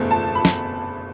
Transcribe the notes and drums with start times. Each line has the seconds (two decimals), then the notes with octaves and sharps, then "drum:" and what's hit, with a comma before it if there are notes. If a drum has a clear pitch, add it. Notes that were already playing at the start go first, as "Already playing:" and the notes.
Already playing: F#1 E2 B2 A3
0.11 A5
0.35 B5
0.45 drum: snare